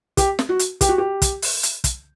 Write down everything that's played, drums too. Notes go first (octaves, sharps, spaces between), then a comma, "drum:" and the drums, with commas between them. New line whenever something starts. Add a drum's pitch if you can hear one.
G4, drum: kick, hi-hat
drum: snare
F#4
drum: hi-hat
G4, drum: kick, hi-hat
F#4
G4
drum: kick, hi-hat
drum: open hi-hat
drum: hi-hat
drum: kick, hi-hat